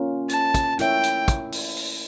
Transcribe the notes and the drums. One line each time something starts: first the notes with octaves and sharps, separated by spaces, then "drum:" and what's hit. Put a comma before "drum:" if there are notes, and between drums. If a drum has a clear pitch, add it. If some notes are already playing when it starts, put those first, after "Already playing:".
Already playing: A#3 C#4 F4 A#4
A5, drum: hi-hat
drum: kick, hi-hat
A3 E4 A#4 C#5 E5 G5, drum: hi-hat
drum: hi-hat
drum: kick, hi-hat
drum: open hi-hat
drum: open hi-hat